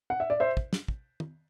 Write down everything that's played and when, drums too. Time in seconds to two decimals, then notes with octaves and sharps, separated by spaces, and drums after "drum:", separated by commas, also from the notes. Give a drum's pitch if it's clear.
0.10 F#5
0.20 E5
0.30 D5
0.40 C5 E5
0.57 drum: kick
0.73 drum: snare
0.88 drum: kick
1.20 drum: tom